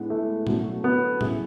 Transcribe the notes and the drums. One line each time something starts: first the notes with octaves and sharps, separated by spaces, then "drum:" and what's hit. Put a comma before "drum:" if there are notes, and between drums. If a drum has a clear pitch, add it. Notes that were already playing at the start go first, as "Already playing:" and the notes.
Already playing: A2 G#3 B3 D4
A3
B2 F#3 C#4 F#4 A4, drum: tom A2
B3
C#3 F#3 B3 E4 G#4, drum: tom A2